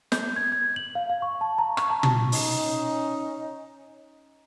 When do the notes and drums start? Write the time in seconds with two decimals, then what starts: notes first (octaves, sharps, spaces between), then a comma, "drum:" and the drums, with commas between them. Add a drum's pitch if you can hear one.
0.12 G6, drum: snare
0.36 G#6
0.52 G#6
0.76 F#7
0.95 F5
1.10 F5
1.22 C#6
1.41 A5
1.58 A#5
1.77 C#6, drum: rim click
1.90 A5
2.03 drum: tom
2.32 C#4 D#4, drum: open hi-hat